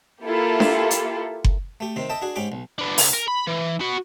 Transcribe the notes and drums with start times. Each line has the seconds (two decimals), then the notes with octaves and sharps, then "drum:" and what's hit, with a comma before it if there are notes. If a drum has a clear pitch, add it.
0.24 A#3 E4 F4 G4 A4
0.60 drum: snare D4
0.91 drum: hi-hat
1.44 drum: kick F#1
1.80 A3 G4
1.96 C3 D#3 C4
2.09 A4 D#5 E5 G5 A5
2.22 D4 F#4 G#4
2.36 G#2 C#4 G4 G5 B5 D6
2.52 B1
2.79 B3 D4
2.98 C#2, drum: open hi-hat
3.14 A#4
3.28 B5
3.47 E3
3.81 B3 F#4